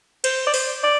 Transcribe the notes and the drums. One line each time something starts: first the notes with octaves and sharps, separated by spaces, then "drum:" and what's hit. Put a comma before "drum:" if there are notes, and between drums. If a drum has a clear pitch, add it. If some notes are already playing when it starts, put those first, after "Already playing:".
C5, drum: cymbal
D5
C5, drum: open hi-hat
D5